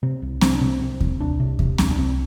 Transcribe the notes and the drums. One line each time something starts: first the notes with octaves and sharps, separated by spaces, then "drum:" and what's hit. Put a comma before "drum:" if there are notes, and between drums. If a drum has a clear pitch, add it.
C3 C4
C2
C2 C4, drum: snare C4
D4
C3
C4
C3 C4
C2, drum: kick D#2
C2 D4
C3
C3, drum: kick D#2
C2, drum: snare C4
D4
C2 C4